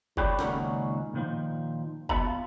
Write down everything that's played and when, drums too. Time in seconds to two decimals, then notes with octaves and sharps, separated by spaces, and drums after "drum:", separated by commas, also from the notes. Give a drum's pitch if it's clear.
0.17 F4 G4 B4 C#5 D5, drum: kick
0.39 C#2 A#2 D#3 C#4 F#4 A#4, drum: snare
1.14 A#2 D#3 F3
2.09 B3 F#4 B4 E5 A5, drum: kick
2.25 F4